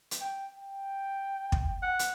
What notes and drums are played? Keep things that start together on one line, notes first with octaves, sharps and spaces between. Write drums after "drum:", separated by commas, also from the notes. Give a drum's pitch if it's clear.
drum: hi-hat
G5
G5
drum: kick
F#5
drum: hi-hat